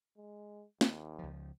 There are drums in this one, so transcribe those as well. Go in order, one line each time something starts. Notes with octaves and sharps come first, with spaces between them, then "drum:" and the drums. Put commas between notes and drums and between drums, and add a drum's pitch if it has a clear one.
G#3
D#2, drum: snare
C#2 F3